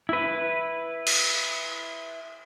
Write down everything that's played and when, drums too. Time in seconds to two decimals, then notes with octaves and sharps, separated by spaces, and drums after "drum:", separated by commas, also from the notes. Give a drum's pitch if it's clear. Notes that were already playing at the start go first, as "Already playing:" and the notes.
0.09 E4 B4
1.06 drum: cymbal